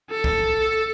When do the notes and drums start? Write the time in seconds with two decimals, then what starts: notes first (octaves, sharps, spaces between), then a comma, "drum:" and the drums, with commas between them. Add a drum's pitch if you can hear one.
0.11 A4
0.24 drum: kick C2